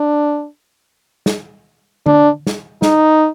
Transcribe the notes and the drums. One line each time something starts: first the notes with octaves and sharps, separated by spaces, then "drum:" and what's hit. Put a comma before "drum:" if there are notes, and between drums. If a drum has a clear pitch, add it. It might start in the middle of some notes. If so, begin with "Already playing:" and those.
Already playing: D4
drum: snare
D4, drum: tom D3
drum: snare
D#4, drum: snare